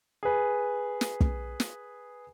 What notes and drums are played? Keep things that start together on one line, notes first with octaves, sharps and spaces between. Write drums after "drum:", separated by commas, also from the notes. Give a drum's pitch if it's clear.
G#4 B4
drum: snare
drum: kick
drum: snare